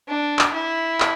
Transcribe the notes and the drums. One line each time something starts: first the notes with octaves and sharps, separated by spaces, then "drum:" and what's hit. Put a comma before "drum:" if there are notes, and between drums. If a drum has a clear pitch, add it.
D4
drum: clap
E4
drum: clap